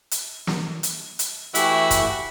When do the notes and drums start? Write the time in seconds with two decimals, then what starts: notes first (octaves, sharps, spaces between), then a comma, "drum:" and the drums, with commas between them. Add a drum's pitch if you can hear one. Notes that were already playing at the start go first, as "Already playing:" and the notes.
0.11 drum: hi-hat
0.47 drum: snare
0.83 drum: hi-hat
1.19 drum: hi-hat
1.55 E3 A3 E4 F#4 G4, drum: hi-hat
1.91 drum: kick, hi-hat